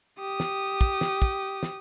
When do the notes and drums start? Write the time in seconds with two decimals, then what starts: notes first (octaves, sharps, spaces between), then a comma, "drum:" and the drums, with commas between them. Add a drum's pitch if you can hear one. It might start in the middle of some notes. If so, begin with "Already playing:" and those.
0.19 G4 D#6
0.40 drum: snare
0.81 drum: kick
1.01 drum: snare
1.22 drum: kick
1.63 drum: snare